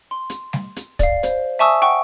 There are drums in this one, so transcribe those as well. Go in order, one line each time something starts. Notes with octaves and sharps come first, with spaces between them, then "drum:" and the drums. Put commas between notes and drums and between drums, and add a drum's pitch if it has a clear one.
C6
drum: hi-hat
drum: snare G3
drum: hi-hat
D5 F5, drum: kick, hi-hat
C5, drum: hi-hat
E5 G#5 A5 C#6 D#6 E6
F#5 G5 C#6